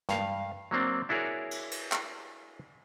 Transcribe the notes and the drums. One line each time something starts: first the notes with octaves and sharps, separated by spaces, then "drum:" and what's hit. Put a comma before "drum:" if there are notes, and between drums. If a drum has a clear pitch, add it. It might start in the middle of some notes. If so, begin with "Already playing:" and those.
G2 F5, drum: snare
F#3 A#3 C4 D4
D4 E4 F#4 G#4 A#4 C#5
drum: cymbal
drum: cymbal
drum: clap